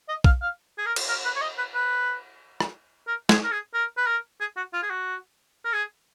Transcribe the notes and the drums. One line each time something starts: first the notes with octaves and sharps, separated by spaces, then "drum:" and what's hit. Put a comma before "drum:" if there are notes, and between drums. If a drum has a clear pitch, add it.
D#5
F5, drum: kick
F5
G#4
A#4
drum: cymbal
A#4
B4
C#5
D#5
B4
B4
drum: rim click
A#4
G#4, drum: snare
A#4
G#4
A#4
B4
A#4
G#4
F#4
F4
G#4
F#4
A#4
G#4